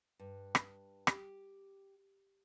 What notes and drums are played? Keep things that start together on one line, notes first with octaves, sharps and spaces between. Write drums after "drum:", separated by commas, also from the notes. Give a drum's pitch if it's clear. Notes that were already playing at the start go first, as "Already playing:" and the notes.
G2
drum: rim click
G4, drum: rim click